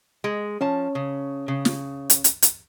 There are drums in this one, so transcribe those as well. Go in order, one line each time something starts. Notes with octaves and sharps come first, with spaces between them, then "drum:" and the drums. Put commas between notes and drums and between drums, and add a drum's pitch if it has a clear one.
G#3
F3 C#4 C#5 A5
C#3
C#3
drum: snare
drum: hi-hat
drum: hi-hat
drum: hi-hat